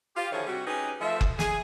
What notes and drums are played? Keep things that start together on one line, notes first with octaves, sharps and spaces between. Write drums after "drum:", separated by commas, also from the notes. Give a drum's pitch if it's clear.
F4 G4
D3 D#3 F3 E4 G#4 C#5
C3 G3 C4 F#4
C#4 D#4 G4 G#4 B4
F3 A3 E5
drum: kick F#1
G#4, drum: snare